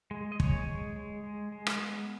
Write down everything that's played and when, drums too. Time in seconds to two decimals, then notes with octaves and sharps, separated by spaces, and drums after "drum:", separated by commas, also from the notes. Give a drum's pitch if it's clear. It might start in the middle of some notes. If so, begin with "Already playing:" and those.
0.11 G#3
0.32 D#5
0.40 G#3 C#5, drum: kick
0.68 G#3
0.96 G#3
1.24 G#3
1.52 G#3
1.67 drum: rim click
1.81 B3